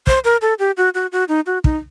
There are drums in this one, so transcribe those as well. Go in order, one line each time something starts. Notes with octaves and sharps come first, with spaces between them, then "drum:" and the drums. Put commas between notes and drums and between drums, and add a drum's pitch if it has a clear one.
C5, drum: kick
A#4
A4
G4
F#4
F#4
F#4
D#4
F#4
D#4, drum: kick